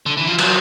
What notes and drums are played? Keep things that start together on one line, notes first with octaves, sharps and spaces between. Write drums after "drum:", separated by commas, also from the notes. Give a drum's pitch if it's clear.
D3
E3
F3
F#3, drum: cymbal